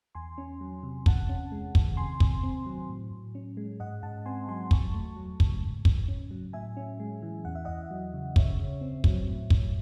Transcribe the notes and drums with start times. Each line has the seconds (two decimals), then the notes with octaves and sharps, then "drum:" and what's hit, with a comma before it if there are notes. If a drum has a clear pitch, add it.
0.15 E2 G#5 C6
0.38 C#4
0.61 F#3
0.83 C3
1.06 E2 F#5 A5, drum: kick
1.29 C#4
1.52 G#3
1.75 D#3, drum: kick
1.97 C3 G#5 C6
2.20 C3, drum: kick
2.43 C4
2.66 F#3
2.89 A2
3.11 A2
3.35 C#4
3.57 G#3
3.80 G#2 D#5 F#5
4.03 G#2 F#5 A5
4.26 C4 G#5 C6
4.48 F#3 G#5 C6
4.71 E2 A5 C#6, drum: kick
4.94 A3
5.16 F#3
5.40 C#3, drum: kick
5.62 G#2
5.85 G#2, drum: kick
6.08 C#4
6.31 F#3
6.53 A2 E5 G#5
6.77 C#4
7.00 G#3
7.22 E3
7.45 E2 F#5
7.55 E5
7.65 E2 D#5 F#5
7.91 F#3
8.13 C#3
8.36 C#3 C#5 E5, drum: kick
8.59 C#3
8.81 C4
9.04 F#3, drum: kick
9.28 A2
9.50 A2, drum: kick